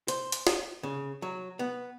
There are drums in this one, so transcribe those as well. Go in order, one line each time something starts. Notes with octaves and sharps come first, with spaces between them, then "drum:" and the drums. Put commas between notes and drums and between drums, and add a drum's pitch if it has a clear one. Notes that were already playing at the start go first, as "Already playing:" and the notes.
C5, drum: hi-hat
drum: hi-hat
drum: snare
C#3
F#3
B3